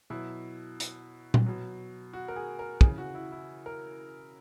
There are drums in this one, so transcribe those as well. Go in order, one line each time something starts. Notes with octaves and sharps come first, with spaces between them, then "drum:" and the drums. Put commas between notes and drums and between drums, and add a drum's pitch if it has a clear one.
B2 F#3 E4
drum: hi-hat
drum: tom A#2
B2 F#3
F#4
A#4
G#4
A#4
C#3 E3 G#4, drum: kick
F#4
E4
E4
A#4